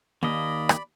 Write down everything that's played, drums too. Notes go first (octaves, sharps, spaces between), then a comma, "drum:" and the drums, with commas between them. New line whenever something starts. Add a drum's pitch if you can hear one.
D#2 A#3 D5 D#5 B5
drum: rim click